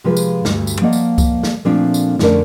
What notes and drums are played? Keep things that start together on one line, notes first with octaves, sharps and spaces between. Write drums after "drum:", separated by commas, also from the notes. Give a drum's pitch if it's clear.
C3 F3 G#3 F4 B4
drum: tambourine
D2 G2, drum: snare
drum: tambourine
F3 A#3 D5 D#5 F#5
drum: tambourine
drum: kick C2, tambourine
drum: snare
A#2 F3 A3 C4 D4
drum: tambourine
F2 D3 A3 C#4 A#4 D5, drum: snare